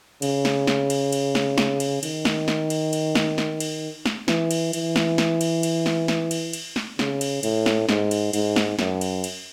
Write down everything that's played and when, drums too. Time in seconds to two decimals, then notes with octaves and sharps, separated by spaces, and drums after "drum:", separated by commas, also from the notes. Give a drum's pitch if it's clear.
0.22 C#3, drum: cymbal
0.45 drum: snare
0.67 drum: snare
0.90 drum: cymbal
1.13 drum: cymbal
1.35 drum: snare
1.58 drum: snare
1.80 drum: cymbal
2.03 D#3, drum: cymbal
2.25 drum: snare
2.48 drum: snare
2.70 drum: cymbal
2.93 drum: cymbal
3.15 drum: snare
3.38 drum: snare
3.60 drum: cymbal
4.06 drum: snare
4.28 E3, drum: snare
4.51 drum: cymbal
4.73 E3, drum: cymbal
4.96 drum: snare
5.18 drum: snare
5.41 drum: cymbal
5.63 drum: cymbal
5.86 drum: snare
6.08 drum: snare
6.31 drum: cymbal
6.53 drum: cymbal
6.76 drum: snare
6.99 C#3, drum: snare
7.21 drum: cymbal
7.43 A2, drum: cymbal
7.66 drum: snare
7.89 G#2, drum: snare
8.11 drum: cymbal
8.33 G#2, drum: cymbal
8.56 drum: snare
8.79 F#2, drum: snare
9.01 drum: cymbal
9.24 drum: cymbal